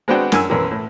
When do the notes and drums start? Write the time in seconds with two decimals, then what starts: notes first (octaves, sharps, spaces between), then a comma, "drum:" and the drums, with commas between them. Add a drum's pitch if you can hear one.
0.08 G#3 B3 C4 D4 F#4 G5
0.32 F#2 G#5 E6, drum: snare
0.50 B1 F#2 E3
0.71 A2